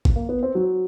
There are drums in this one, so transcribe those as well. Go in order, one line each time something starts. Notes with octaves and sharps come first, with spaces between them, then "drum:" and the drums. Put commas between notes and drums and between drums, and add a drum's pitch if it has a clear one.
drum: kick
A#3
B3
C4
F#3